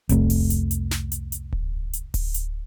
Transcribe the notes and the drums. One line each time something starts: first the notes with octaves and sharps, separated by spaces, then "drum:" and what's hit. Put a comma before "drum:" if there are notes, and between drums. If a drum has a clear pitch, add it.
C2 F2 C3 A3, drum: kick D1, hi-hat
drum: open hi-hat
drum: hi-hat
drum: hi-hat
drum: snare
drum: hi-hat
drum: hi-hat
drum: kick D1
drum: hi-hat
drum: kick D1, open hi-hat
drum: hi-hat